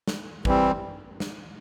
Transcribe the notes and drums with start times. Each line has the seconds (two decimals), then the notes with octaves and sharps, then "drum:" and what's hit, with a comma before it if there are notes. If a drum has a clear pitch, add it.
0.08 drum: snare
0.45 E3 G3 C4, drum: kick G#1
1.20 drum: snare